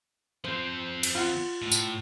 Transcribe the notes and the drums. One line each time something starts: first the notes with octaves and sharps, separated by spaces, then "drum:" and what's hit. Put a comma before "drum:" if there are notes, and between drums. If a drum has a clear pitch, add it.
F3 C4 C5
drum: cymbal
F4 F#5
A2
drum: tambourine